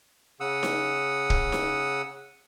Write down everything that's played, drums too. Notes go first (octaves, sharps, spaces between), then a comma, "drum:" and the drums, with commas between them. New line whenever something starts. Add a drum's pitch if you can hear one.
C#3 F#5 D#6 E6
drum: snare D#4
drum: kick
drum: snare D#4